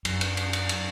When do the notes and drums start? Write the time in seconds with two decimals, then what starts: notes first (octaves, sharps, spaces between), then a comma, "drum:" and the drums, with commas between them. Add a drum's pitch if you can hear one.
0.05 F#2, drum: cymbal
0.21 drum: cymbal
0.37 drum: cymbal
0.53 drum: cymbal
0.69 drum: cymbal